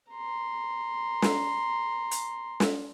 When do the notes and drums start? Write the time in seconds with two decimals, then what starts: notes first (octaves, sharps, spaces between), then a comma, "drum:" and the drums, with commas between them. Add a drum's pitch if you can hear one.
0.11 A#5 C6
1.22 drum: snare
2.11 drum: hi-hat
2.60 drum: snare